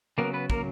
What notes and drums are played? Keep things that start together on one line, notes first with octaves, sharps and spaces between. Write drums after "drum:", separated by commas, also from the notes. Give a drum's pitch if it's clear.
C#3 F#3 A#3 B3 A#4
B3 B4
A#3 A#4, drum: kick